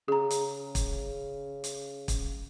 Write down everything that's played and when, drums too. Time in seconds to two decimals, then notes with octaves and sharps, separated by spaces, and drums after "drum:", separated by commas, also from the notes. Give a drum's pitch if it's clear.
0.08 C#3 G#4 A#5
0.30 drum: hi-hat
0.75 drum: kick, hi-hat
1.64 drum: hi-hat
2.08 drum: kick, hi-hat